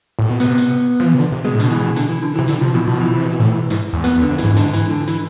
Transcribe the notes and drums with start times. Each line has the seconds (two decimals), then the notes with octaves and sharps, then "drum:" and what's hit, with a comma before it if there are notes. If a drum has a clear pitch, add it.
0.19 A2
0.29 B2
0.40 C3 B3, drum: hi-hat
0.58 drum: hi-hat
1.00 F3
1.06 E3
1.14 C3
1.19 D3
1.32 C3
1.45 B2 G#3
1.54 A2
1.60 B2 D3, drum: hi-hat
1.70 E3
1.96 D3, drum: hi-hat
2.09 E3
2.22 D3
2.36 C3 E3
2.48 D3 E3, drum: hi-hat
2.61 C3 F3
2.74 B2 E3
2.87 B2 F3
3.01 E3
3.13 C3
3.26 B2
3.39 A2
3.53 G#2
3.70 G#2, drum: hi-hat
3.93 E2
4.04 F2 B3, drum: hi-hat
4.17 E2
4.22 D3
4.30 F2
4.38 G#2 E3, drum: hi-hat
4.57 D3, drum: hi-hat
4.74 E3, drum: hi-hat
4.90 D3
5.08 E3, drum: hi-hat